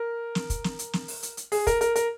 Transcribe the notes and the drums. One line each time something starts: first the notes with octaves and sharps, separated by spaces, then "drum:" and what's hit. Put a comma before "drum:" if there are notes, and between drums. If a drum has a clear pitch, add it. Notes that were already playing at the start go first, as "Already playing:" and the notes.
Already playing: A#4
drum: snare
drum: kick, hi-hat
drum: snare
drum: hi-hat
drum: snare
drum: open hi-hat
drum: hi-hat
drum: hi-hat
G#4, drum: open hi-hat
A#4, drum: kick, hi-hat
A#4, drum: hi-hat
A#4, drum: hi-hat